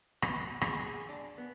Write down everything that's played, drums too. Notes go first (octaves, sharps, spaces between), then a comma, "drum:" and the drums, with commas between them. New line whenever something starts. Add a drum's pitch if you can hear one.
B3, drum: rim click
G#4, drum: rim click
G#4
D4
B3